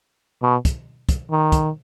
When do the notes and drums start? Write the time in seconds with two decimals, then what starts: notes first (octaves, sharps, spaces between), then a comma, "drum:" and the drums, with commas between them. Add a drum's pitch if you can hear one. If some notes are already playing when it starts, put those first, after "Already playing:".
0.43 B2
0.65 drum: kick, hi-hat
1.09 drum: kick, hi-hat
1.31 D#3
1.52 drum: kick, hi-hat